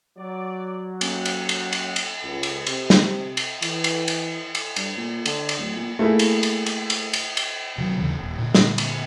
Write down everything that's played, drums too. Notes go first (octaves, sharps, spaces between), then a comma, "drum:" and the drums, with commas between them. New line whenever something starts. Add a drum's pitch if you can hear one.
F#3 D5
A#3 C#4 F#4 G4 F#5, drum: cymbal
drum: cymbal
drum: cymbal
drum: cymbal
drum: cymbal
C#2
drum: cymbal
C3, drum: cymbal
drum: snare
drum: cymbal
E3, drum: cymbal
drum: cymbal
drum: cymbal
drum: cymbal
G2, drum: cymbal
A#2
D3, drum: cymbal
drum: cymbal
D1
A#2
A3 A#3 E4 G#4
drum: cymbal
drum: cymbal
drum: cymbal
drum: cymbal
drum: cymbal
drum: cymbal
C3 D#3 F#3
D#2 C#3 E3
D#1
A#2 D3
drum: snare
drum: cymbal